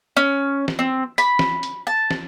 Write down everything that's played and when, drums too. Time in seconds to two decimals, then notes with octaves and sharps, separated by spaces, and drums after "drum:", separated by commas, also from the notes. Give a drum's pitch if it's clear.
0.17 C#4
0.68 drum: snare
0.79 C4
1.18 B5, drum: hi-hat
1.39 drum: snare
1.63 drum: hi-hat
1.87 A5
2.11 drum: snare